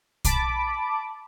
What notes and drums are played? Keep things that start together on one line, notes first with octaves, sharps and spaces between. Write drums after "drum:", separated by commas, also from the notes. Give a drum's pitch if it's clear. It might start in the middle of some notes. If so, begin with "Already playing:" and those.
A5 B5 D6, drum: kick, hi-hat